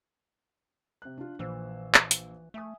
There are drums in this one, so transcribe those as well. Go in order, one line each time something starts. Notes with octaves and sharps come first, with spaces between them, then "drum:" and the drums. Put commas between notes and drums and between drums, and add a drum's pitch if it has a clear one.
C3 F#6
D4 F4
A#1 E3 C5 E6
drum: clap
drum: hi-hat
A3 E5 G#5 D#6